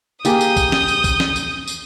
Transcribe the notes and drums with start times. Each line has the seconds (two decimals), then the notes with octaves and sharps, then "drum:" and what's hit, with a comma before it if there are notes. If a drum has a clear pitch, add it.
0.25 A#3 G4 G#4 D#6 G6, drum: tambourine
0.41 drum: tambourine
0.56 drum: kick, tambourine
0.72 drum: snare
0.88 drum: tambourine
1.04 drum: kick, tambourine
1.20 drum: snare
1.36 drum: tambourine
1.68 drum: tambourine